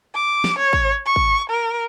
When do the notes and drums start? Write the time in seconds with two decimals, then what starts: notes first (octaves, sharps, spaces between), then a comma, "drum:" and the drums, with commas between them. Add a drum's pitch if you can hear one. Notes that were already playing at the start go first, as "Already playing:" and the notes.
0.14 D6
0.44 drum: snare
0.58 C#5
0.73 drum: kick
1.06 C#6
1.16 drum: kick
1.50 A#4